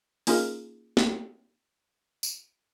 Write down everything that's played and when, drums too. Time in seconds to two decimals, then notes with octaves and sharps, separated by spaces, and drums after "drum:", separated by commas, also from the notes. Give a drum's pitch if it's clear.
0.27 A#3 C#4 D#4 F4 G#4 A#4, drum: open hi-hat
0.97 drum: snare
2.23 drum: tambourine